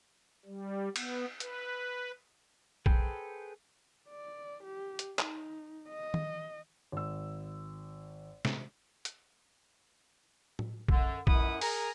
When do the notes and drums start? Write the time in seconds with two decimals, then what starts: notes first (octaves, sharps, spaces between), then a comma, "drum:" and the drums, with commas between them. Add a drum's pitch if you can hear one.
0.46 G3
0.96 B3, drum: cymbal
1.40 B4, drum: hi-hat
2.86 G#4 A4 B4 C5 G5, drum: kick A#1
4.09 D5
4.64 G4
4.99 drum: hi-hat
5.19 D#4, drum: clap
5.90 D#5
6.14 drum: tom
6.92 G#1 E6
8.45 drum: snare
9.05 drum: hi-hat
10.59 drum: tom A2
10.88 F#2 D3, drum: kick A#1
11.27 C#2 F#2 E4 F#5 B5 D#6, drum: kick A#1
11.61 G#4 A#4 G#5 A#5, drum: open hi-hat